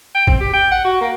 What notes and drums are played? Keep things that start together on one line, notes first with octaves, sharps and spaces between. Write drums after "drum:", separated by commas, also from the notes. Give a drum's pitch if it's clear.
G5
C4, drum: kick
G4
G5
F#5
F#4
A#3